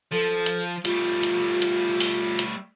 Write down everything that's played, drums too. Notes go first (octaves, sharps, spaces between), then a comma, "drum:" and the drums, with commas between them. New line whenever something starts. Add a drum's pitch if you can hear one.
F3 A4
drum: hi-hat
G3 A3 F4, drum: hi-hat
drum: hi-hat
drum: hi-hat
drum: open hi-hat
drum: hi-hat